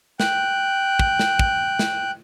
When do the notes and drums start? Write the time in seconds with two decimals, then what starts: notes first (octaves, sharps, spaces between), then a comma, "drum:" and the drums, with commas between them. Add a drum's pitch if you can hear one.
0.20 G5 F#6, drum: snare
0.99 drum: kick
1.19 drum: snare
1.39 drum: kick
1.79 drum: snare